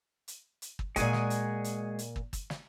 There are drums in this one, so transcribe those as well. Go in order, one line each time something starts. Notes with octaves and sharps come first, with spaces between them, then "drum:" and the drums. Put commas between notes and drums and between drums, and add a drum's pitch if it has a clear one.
drum: hi-hat
drum: hi-hat
drum: kick
A#2 G#3 F#4 G#4 G#5, drum: kick, hi-hat
drum: snare
drum: hi-hat
drum: hi-hat
drum: hi-hat
drum: kick
drum: kick, hi-hat
drum: snare